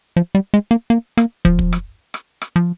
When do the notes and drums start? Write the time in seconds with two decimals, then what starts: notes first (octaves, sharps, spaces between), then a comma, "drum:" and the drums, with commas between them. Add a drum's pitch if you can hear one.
0.16 F3
0.35 G3
0.54 G#3
0.71 A#3
0.90 A#3
1.17 A#3, drum: rim click
1.45 F3, drum: kick
1.59 drum: kick
1.73 drum: rim click
2.14 drum: rim click
2.42 drum: rim click
2.56 F3